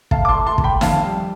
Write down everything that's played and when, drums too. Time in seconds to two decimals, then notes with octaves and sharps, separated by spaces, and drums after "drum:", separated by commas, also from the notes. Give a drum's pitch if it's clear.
0.11 A3 F5 A5, drum: kick
0.25 D6
0.29 A5 C6
0.35 A3
0.46 A5 C6
0.58 A3, drum: kick
0.64 G5 B5
0.81 F2 F5 A5, drum: snare
1.05 G3